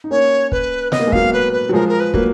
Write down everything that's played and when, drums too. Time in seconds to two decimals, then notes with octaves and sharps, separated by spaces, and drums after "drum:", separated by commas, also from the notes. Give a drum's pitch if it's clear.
0.04 D#4
0.11 A#3 C#4 C#5
0.52 B4, drum: kick
0.92 B3 D#5, drum: snare
0.99 A#3
1.07 G#3
1.12 F#3 A#3 F5, drum: kick
1.33 B4
1.53 B4
1.69 F#3
1.73 F3 G#3 A#4
1.89 A#4
2.00 B4
2.14 F#3 A#3, drum: kick